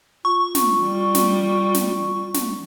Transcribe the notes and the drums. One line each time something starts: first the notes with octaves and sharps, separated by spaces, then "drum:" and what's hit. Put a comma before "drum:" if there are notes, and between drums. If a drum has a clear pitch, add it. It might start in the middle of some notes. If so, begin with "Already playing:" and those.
F4 C#6
drum: snare
G3
drum: snare
drum: snare
drum: snare